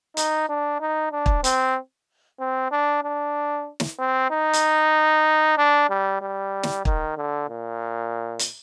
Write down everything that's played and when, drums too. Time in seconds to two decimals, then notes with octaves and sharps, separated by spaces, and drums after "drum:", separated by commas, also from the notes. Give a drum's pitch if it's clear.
0.17 D#4, drum: hi-hat
0.49 D4
0.80 D#4
1.12 D4
1.26 drum: kick
1.44 C4, drum: hi-hat
2.40 C4
2.72 D4
3.03 D4
3.80 drum: snare
3.99 C4
4.31 D#4
4.53 drum: hi-hat
5.58 D4
5.90 G3
6.21 G3
6.63 drum: snare
6.85 D#3, drum: kick
7.17 D3
7.49 A#2
8.39 drum: hi-hat